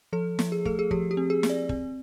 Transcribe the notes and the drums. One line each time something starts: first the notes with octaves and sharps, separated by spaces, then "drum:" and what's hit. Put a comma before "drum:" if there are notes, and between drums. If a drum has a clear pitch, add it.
F3 A4
F3, drum: snare
G#4
A3 A4, drum: kick
G#4
F3 G4, drum: kick
G4
C4
G#4
C4, drum: snare
D5
C4, drum: kick